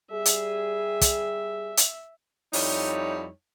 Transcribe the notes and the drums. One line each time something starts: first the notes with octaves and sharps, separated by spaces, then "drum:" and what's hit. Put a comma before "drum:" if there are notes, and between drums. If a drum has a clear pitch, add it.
G3 G#4 E5
drum: hi-hat
drum: kick, hi-hat
drum: hi-hat
F2 G3 D#4 E4 C#5, drum: open hi-hat